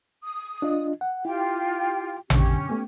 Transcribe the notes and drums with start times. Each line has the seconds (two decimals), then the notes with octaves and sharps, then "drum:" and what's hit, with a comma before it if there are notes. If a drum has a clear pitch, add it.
0.23 D#6
0.62 D4 F4 D#5
1.01 F#5
1.25 E4 F4 G4 G5
2.30 F#2 B2 D3 C#4 G4, drum: tom A1
2.69 A3 B3